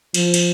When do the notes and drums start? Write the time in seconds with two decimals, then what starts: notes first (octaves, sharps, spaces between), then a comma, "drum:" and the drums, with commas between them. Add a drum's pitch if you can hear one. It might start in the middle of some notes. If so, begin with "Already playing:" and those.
0.14 F3, drum: cymbal
0.34 drum: cymbal